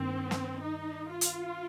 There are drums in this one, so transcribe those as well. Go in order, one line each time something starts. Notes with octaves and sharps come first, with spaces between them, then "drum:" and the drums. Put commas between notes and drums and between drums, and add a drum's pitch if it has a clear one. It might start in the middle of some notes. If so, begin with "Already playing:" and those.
Already playing: G2 D#3 A#3 C4
drum: snare
D#4
F4
drum: hi-hat